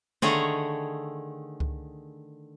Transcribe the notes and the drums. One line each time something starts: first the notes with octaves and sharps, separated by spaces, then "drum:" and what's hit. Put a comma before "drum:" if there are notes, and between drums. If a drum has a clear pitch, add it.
D3 D#3 A3 G#4 C#5 A#5, drum: snare
drum: kick C#2